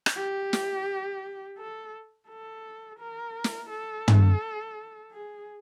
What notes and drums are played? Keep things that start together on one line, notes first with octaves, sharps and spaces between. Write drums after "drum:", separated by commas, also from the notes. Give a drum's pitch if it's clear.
drum: rim click
G4
drum: snare
A4
A4
A#4
drum: snare
A4
drum: tom
G#4